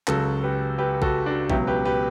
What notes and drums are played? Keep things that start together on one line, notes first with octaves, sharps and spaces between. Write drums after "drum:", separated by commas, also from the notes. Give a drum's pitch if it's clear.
C#2 C#3 F#3 F#4 A4, drum: clap
G4 B4
G4 B4
F#4 A4, drum: kick A#1
D4 F#4
C#2 B2 F#3 E4 G4, drum: kick A#1
G4 B4
G4 B4